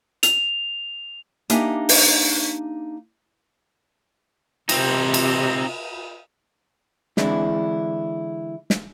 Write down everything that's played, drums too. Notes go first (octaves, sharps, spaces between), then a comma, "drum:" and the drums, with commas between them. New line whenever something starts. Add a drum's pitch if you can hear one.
F7, drum: hi-hat
A#3 D4 D#4 G4 E5 G#5, drum: hi-hat
drum: open hi-hat
C3 C4 D#4, drum: cymbal
drum: cymbal
D3 E3 G#3 C4 D4 E4, drum: snare
drum: snare